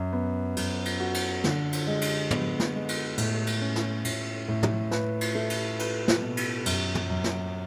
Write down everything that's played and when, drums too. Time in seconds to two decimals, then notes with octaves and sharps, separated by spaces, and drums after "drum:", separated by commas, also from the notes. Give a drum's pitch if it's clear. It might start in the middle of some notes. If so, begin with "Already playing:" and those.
Already playing: F#2
0.13 B3
0.57 F#2, drum: cymbal
0.85 drum: cymbal
1.00 F#4
1.14 drum: cymbal
1.44 D3, drum: snare
1.72 drum: cymbal
1.87 G#3
2.01 drum: cymbal
2.31 B3, drum: tom
2.59 drum: snare
2.74 G#3
2.89 drum: cymbal
3.17 A2, drum: cymbal
3.47 drum: cymbal
3.61 C#4
3.76 drum: snare
4.05 A2, drum: cymbal
4.48 A2
4.63 drum: tom
4.91 B4, drum: snare
5.21 drum: cymbal
5.35 A3
5.50 drum: cymbal
5.79 B4, drum: cymbal
6.08 drum: snare
6.22 B2
6.37 drum: cymbal
6.66 F#2, drum: cymbal
6.95 drum: tom
7.10 F#2
7.24 drum: snare